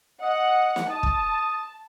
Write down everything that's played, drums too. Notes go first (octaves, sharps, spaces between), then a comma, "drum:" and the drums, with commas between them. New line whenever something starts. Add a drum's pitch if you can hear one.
D#5 F#5
drum: snare
A5 D#6
drum: kick